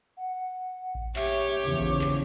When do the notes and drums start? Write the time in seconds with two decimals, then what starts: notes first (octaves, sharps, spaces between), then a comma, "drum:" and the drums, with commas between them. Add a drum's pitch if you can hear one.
0.17 F#5
0.95 drum: kick A1
1.16 G4 C#5 E5, drum: clap
1.63 E2 C#3 F3 D6
1.80 drum: kick A1
2.01 drum: clap